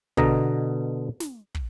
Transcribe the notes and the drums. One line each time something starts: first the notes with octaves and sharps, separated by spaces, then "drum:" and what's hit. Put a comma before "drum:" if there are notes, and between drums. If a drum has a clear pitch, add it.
B2 D3 D#5 A#5, drum: kick
drum: snare
drum: kick